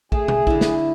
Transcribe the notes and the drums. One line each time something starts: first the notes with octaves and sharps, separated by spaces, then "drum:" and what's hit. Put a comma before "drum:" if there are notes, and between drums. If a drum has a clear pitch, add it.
A3 G#4, drum: kick
drum: tom B2
D3 E4, drum: kick
drum: snare